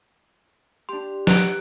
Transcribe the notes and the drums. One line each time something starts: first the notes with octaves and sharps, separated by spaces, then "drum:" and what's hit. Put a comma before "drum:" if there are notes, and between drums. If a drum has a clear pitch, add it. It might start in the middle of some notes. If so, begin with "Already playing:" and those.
D4 G4 C6
B4 F#5 A#5 D7, drum: snare